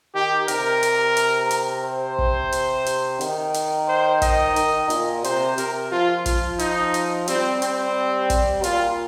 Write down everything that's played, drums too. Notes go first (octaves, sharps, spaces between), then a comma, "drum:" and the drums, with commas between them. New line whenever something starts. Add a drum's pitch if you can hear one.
D#3 G4
C3 A#4, drum: hi-hat
drum: hi-hat
drum: hi-hat
drum: hi-hat
C5
drum: kick
drum: hi-hat
drum: hi-hat
D#3, drum: hi-hat
drum: hi-hat
C5
D#5, drum: kick, hi-hat
D#3, drum: hi-hat
A#2, drum: hi-hat
C3 C5, drum: hi-hat
C3 A#4, drum: hi-hat
F3 F4
F4, drum: kick, hi-hat
D#4, drum: hi-hat
drum: hi-hat
G3 C4, drum: hi-hat
C4, drum: hi-hat
drum: kick, hi-hat
A#2 F4, drum: hi-hat